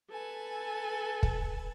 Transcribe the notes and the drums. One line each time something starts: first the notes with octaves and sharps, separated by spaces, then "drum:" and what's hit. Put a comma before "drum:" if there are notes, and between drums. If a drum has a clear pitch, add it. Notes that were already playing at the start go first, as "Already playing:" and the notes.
A4 B4 G#5
drum: kick